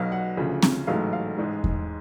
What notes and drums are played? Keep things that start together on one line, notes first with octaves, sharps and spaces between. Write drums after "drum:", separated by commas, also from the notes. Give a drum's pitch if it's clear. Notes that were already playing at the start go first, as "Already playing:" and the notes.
Already playing: B1 B2 F#3 F5
F#5
D2 C#3 F3
drum: snare C4
A1 G#2 F#3 A3 F5
F5
A1 G#2 G#3
drum: kick E2